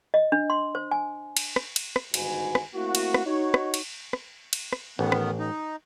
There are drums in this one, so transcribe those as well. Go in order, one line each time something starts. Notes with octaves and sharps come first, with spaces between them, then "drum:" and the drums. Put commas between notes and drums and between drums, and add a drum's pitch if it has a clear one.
D#5
D4
C6
C5
G#5
drum: cymbal
drum: rim click
drum: cymbal
drum: rim click
G1 G#2 D#3 F#4 B4 G#5, drum: cymbal
drum: rim click
A3 A#3 C4 E4 F#4
drum: cymbal
drum: rim click
D#4 F#4 C#5
drum: rim click
drum: cymbal
drum: rim click
drum: cymbal
drum: rim click
A1 D#3 B3
drum: rim click
D#4